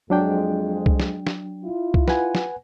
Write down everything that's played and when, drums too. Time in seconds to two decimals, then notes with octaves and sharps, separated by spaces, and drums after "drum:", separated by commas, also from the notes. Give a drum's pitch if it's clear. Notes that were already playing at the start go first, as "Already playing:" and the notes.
0.10 F2 F#3 G#3 D4 G5
0.86 drum: kick C2
1.00 drum: snare
1.27 drum: snare
1.64 E4 F4
1.94 drum: kick C2
2.08 B4 F#5 G#5, drum: snare
2.35 drum: snare